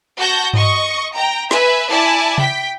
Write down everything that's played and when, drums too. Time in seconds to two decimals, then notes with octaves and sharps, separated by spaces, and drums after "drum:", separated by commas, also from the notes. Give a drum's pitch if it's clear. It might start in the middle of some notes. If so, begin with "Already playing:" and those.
0.17 F#4 A5 G6 A#6
0.54 D#5 C#6, drum: tom G2
1.14 G5 A#5
1.51 B4 E5 G#5, drum: snare
1.90 E4 D5 G#5 A5
2.38 G5 B6, drum: tom C3